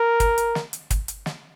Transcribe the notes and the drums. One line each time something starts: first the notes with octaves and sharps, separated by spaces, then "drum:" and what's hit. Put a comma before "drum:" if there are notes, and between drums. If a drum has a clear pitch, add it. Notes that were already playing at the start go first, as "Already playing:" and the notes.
Already playing: A#4
drum: kick, hi-hat
drum: hi-hat
drum: snare
drum: hi-hat
drum: kick, hi-hat
drum: hi-hat
drum: snare